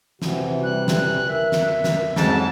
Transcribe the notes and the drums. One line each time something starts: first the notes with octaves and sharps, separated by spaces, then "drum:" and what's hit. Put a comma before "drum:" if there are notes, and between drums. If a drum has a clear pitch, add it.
C3 E3 F#4, drum: snare
G3 F#6
drum: snare
A#4 E5
drum: snare
drum: snare
F2 G#2 F#3 A5, drum: snare